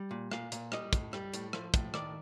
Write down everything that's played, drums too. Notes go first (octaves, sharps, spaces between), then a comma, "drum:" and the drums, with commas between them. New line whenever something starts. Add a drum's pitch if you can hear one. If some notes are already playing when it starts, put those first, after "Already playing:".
Already playing: G3
A#2
A#2 F5, drum: rim click
A#2, drum: hi-hat
G3 D#5, drum: rim click
A2, drum: kick, hi-hat
G3, drum: rim click
A2, drum: hi-hat
F3, drum: rim click
A2, drum: kick, hi-hat
D#3 D5, drum: rim click